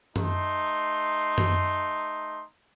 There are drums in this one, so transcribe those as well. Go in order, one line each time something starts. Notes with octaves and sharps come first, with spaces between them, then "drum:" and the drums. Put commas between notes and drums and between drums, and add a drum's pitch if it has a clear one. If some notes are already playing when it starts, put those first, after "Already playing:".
A3 D#4 C6, drum: tom F#2
drum: tom F#2